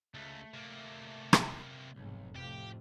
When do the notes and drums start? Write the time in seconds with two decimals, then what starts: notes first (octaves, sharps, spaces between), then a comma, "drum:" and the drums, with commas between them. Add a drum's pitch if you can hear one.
0.14 C#2 A3
0.54 C3 A#3
1.33 drum: rim click
1.96 F1 B1 F2 G#2
2.36 F2 A2 C3 G4